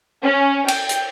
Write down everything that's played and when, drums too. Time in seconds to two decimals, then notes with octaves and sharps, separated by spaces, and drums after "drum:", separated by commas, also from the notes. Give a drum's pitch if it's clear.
0.24 C#4
0.68 G5, drum: cymbal
0.89 drum: hi-hat